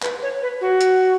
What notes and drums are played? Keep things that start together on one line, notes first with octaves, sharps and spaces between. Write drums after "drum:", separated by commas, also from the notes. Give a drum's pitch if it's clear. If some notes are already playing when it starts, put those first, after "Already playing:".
B4, drum: clap
C#5
B4
F#4
drum: hi-hat